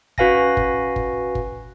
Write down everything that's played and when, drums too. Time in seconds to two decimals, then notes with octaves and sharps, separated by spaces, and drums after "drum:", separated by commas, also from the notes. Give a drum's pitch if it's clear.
0.18 C#4 F#4 B4 F5 G#5 A#6, drum: kick
0.57 drum: kick
0.96 drum: kick
1.35 drum: kick